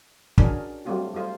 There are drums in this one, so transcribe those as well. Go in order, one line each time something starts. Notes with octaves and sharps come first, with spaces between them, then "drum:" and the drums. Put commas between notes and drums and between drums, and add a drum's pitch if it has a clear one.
C#4 D4 F#4 G#4 A#4, drum: kick
F#3 G3 A3 C4 F4 F#4
G3 A3 F4 C5